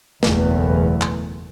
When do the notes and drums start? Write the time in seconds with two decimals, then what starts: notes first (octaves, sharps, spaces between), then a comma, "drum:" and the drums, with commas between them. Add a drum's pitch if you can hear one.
0.23 F#1 B1 E2 E3 A3 B3, drum: snare
1.01 drum: clap